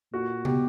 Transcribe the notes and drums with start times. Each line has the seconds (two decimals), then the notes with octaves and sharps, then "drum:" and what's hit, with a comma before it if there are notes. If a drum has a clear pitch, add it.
0.13 A#2 F#4
0.45 B2 G4, drum: tom C3